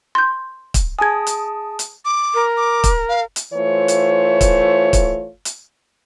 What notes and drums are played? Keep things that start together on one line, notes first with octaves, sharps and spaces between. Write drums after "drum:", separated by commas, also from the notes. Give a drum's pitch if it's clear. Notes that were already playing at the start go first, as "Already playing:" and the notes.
C6 G6
drum: kick, hi-hat
G#4 G#5 A5 D#6 G#6
drum: hi-hat
drum: hi-hat
D6
A#4
D6
drum: kick, hi-hat
F5
drum: hi-hat
E3 A3 F4 C5 C#5
drum: hi-hat
drum: kick, hi-hat
drum: kick, hi-hat
drum: hi-hat